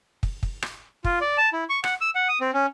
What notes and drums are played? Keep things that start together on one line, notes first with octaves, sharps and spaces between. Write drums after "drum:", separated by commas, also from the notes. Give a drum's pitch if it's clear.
drum: kick
drum: kick
drum: rim click
F4, drum: kick
D5
A5
E4
C#6
F#5, drum: rim click
E6
F#5
D#6
C4
C#4